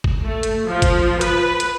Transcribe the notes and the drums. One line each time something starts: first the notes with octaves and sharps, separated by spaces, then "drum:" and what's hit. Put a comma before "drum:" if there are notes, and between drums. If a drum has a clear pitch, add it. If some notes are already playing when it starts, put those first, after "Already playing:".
drum: kick G1
A3
drum: hi-hat
F3
drum: kick G1, hi-hat
B4, drum: hi-hat
drum: hi-hat